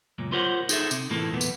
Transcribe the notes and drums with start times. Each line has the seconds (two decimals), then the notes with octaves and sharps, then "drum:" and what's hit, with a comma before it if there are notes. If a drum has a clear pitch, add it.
0.18 C#2 F#2 A#2
0.32 F4 G4 A#4 C5 C#5 F#5
0.69 D#4 G#4 A4 E5, drum: tambourine
0.91 C3, drum: tambourine
1.10 A2 E3 A#3 A4
1.29 B1 E2 A#2 B3
1.41 drum: tambourine